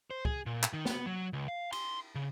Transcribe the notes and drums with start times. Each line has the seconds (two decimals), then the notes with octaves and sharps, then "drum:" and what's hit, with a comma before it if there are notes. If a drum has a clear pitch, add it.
0.11 C5
0.25 G#4, drum: kick
0.46 A#2
0.63 drum: clap
0.73 D#3
0.85 B3, drum: snare
1.06 F#3
1.33 C#2
1.48 F5
1.72 C6, drum: cymbal
2.15 C#3